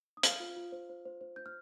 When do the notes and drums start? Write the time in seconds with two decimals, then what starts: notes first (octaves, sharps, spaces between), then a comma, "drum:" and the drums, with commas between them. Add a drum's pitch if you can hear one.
0.17 D#6
0.23 C5 F5 F6, drum: hi-hat
0.40 F4
0.56 F4
0.72 C5
0.89 C5
1.05 C5
1.21 C5
1.36 C5 G6
1.46 F6